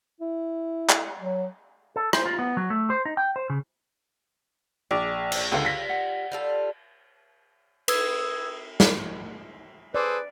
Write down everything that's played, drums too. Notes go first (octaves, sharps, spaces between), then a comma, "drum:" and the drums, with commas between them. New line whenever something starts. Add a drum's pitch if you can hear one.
E4
drum: clap
F#3
A4
C5, drum: rim click
F4
B3
F#3
A3
C5
D#4
G5
C5
C#3
A#1 G#4 D5
F3 D4, drum: cymbal
C#2 D3 G3 F4 A4 B4 F5
A#6 B6
F#5
G3 F4 A4
B4 D#6 E6 G#6, drum: cymbal
drum: snare
G#4 A4 B4 C5 D5